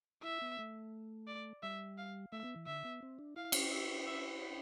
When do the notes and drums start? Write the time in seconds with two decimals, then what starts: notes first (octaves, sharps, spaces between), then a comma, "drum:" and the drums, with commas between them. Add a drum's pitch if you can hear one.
0.23 E4 E5
0.41 B3
0.59 A3
1.28 D5
1.63 G3 E5
1.98 F5
2.32 A3 E5
2.44 B3
2.56 E3
2.67 D3 E5
2.85 B3
3.03 C4
3.19 D4
3.36 E4 F5
3.52 drum: cymbal
3.71 E5
4.07 E5